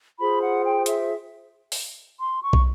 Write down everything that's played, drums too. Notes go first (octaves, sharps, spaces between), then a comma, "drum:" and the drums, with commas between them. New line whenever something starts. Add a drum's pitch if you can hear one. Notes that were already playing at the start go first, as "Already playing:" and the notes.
F4 G#4 C5 B5
F#5
G5
E5, drum: hi-hat
drum: open hi-hat
C6
C#6
drum: kick